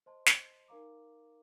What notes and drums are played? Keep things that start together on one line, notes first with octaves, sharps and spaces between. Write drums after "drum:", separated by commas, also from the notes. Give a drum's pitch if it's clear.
C5 D#5 A5 C6
drum: snare
D#4 A#4 F5 A#5 D6